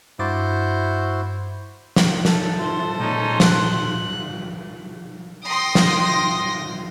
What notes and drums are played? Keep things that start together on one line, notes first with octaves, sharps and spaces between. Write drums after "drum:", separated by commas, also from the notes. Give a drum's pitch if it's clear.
G2 E4 F#4 C5 D6 A6
drum: snare
A4, drum: snare
E4 F4 C5 A5
A#2 G#3 C#4 D#4 D5
F#6, drum: snare
G5 C6 D#6 A#6
drum: snare